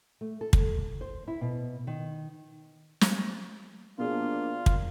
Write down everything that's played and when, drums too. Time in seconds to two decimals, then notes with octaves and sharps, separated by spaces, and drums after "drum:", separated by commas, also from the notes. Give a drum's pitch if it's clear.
0.21 A3
0.41 A4
0.53 drum: kick
1.01 C5
1.28 E4
1.41 B2
1.87 D#3
3.01 drum: snare
3.98 B2 F3 A#3 D4 F4 G#4
4.66 drum: kick